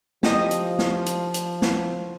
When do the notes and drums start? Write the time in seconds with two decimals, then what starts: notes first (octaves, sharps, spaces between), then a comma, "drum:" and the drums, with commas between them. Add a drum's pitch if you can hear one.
0.23 F3 G4 D#5, drum: snare
0.51 drum: hi-hat
0.79 drum: snare
1.06 drum: hi-hat
1.34 drum: hi-hat
1.62 drum: snare